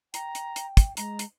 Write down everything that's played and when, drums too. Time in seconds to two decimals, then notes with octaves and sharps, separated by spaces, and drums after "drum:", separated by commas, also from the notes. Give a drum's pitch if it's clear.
0.14 G5 A#5, drum: hi-hat
0.35 drum: hi-hat
0.56 drum: hi-hat
0.77 drum: kick, hi-hat
0.97 G#3 A#5, drum: hi-hat
1.19 drum: hi-hat